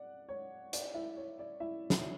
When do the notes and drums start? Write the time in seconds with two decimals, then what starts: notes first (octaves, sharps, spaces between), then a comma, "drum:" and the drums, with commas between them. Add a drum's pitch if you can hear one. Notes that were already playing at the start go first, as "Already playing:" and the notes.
Already playing: D5 F#5
0.29 C#5
0.73 D5, drum: hi-hat
0.94 E4 E5
1.17 C#5
1.39 D5
1.60 E4 E5
1.90 drum: snare